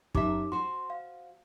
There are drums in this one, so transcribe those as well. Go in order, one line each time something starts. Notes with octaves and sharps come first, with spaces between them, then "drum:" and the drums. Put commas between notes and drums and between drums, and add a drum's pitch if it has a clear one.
F#2 D#4 G4 A#4 E5 D6, drum: kick
F#4 C5 C6
F5